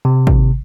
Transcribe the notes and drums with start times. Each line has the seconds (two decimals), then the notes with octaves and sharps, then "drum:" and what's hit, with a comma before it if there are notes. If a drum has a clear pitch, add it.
0.05 C3
0.27 drum: kick